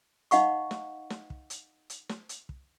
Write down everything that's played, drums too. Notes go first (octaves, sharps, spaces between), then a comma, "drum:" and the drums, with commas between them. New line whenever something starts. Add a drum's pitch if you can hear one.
D#4 D#5 F5 F#5 B5 C#6, drum: hi-hat
drum: snare
drum: snare
drum: kick
drum: hi-hat
drum: hi-hat
drum: snare
drum: hi-hat
drum: kick